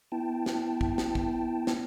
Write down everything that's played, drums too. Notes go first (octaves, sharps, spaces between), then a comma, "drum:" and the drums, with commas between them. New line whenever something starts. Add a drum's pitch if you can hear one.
B3 E4 G5 A5
drum: snare
drum: kick
drum: snare
drum: kick
drum: snare